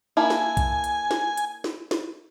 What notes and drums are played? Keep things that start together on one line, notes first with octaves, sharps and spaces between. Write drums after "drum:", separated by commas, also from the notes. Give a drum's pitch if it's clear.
A#3 D4 E4 G#5
drum: snare
drum: kick B1, hi-hat
drum: hi-hat
drum: snare
drum: hi-hat
drum: snare
drum: snare